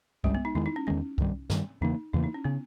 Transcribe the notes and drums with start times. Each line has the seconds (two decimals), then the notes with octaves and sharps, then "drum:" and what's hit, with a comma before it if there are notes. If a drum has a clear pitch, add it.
0.24 G#1 G2 G3 G#3 C#4, drum: kick C2
0.35 B3
0.45 D#4
0.55 E2 D#3 G#3 E4
0.66 D#4
0.76 C#4
0.87 E2 D#3 G#3 C#4
1.18 G2 D#3 G3, drum: kick C2
1.50 G2 D#3 G3, drum: snare
1.81 E2 C#3 E3 A#3 D#4
2.13 E2 C#3 E3 A#3 E4
2.24 D#4
2.34 C#4
2.44 C#3 B3